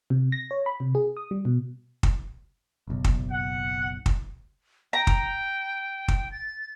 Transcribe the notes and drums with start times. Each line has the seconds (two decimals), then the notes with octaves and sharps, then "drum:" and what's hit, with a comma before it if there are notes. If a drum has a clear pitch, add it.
0.10 C3
0.32 A#6
0.51 C#5
0.66 B5
0.80 C3
0.95 G#4
1.17 D#6
1.31 G3
1.45 B2
2.03 drum: kick
2.88 F#1 B1
3.04 drum: kick
3.31 F#5
4.06 drum: kick
4.93 G5 A#5
5.07 drum: kick
6.08 drum: kick
6.32 A6